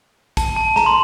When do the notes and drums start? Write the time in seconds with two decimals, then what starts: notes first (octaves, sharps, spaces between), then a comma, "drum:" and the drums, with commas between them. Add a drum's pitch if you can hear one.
0.37 A5, drum: kick, tambourine
0.56 A5
0.76 A#5, drum: snare
0.86 C6